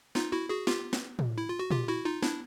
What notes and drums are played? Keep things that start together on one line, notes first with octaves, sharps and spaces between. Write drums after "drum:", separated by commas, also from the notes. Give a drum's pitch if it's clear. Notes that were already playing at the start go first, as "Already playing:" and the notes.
D#4 F4, drum: snare
E4 F#4
F#4 G#4
F4 G4, drum: snare
drum: snare
drum: tom
E4
F4
F#4
F4 G4, drum: tom A#2
E4 F#4
D#4 F4
D4 E4, drum: snare